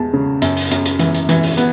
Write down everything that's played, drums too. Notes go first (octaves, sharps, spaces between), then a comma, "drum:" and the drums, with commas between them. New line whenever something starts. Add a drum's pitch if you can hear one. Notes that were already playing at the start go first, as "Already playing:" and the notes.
Already playing: E2 G#3 A5
C#3
F#2, drum: hi-hat
drum: open hi-hat
F#2, drum: hi-hat
drum: hi-hat
E3, drum: hi-hat
drum: hi-hat
E3, drum: hi-hat
drum: open hi-hat
B3, drum: hi-hat